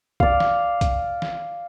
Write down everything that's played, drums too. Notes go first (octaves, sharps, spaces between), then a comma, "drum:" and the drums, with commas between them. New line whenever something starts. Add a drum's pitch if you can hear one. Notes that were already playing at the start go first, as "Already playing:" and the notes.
D5 F5, drum: kick
drum: snare
drum: kick, hi-hat
drum: snare